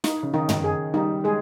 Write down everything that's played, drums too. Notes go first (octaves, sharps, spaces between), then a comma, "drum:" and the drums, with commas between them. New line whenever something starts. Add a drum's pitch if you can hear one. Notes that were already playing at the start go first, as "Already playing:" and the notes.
D#4, drum: snare
C#3
D#3 D#4
drum: tom
G#4
G3 D#4
G#3 G#4